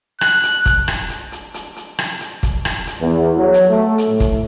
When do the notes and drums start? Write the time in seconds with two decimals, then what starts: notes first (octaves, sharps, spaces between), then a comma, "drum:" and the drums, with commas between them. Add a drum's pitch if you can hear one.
0.21 F#6, drum: rim click
0.43 drum: hi-hat
0.66 drum: kick, hi-hat
0.88 drum: rim click
1.10 drum: hi-hat
1.32 drum: hi-hat
1.54 drum: hi-hat
1.76 drum: hi-hat
1.99 drum: rim click
2.21 drum: hi-hat
2.43 drum: kick, hi-hat
2.65 drum: rim click
2.87 drum: hi-hat
3.01 E2
3.37 F#3
3.54 drum: hi-hat
3.68 A3
3.98 drum: hi-hat
4.08 A2
4.20 drum: kick, hi-hat